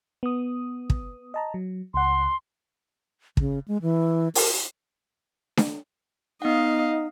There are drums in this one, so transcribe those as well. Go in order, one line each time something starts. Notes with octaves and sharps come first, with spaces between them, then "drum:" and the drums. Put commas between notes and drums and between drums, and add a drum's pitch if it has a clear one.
B3 D#6
drum: kick
D#5 A5 A#5
F#3
C#2 F#5 C6
C#3, drum: kick
G#3
E3
A#4, drum: open hi-hat
drum: snare D4
B3 D#4 D#5 F5 F#5